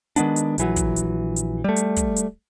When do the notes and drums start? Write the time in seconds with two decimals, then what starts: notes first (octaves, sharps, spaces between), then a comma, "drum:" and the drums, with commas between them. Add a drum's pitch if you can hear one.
0.16 D#3 G#3 B3 D4, drum: hi-hat
0.36 drum: hi-hat
0.58 A#1 E3 F#3, drum: hi-hat
0.76 drum: kick, hi-hat
0.96 drum: hi-hat
1.36 drum: hi-hat
1.64 G3 A3
1.77 drum: hi-hat
1.97 drum: kick, hi-hat
2.17 drum: hi-hat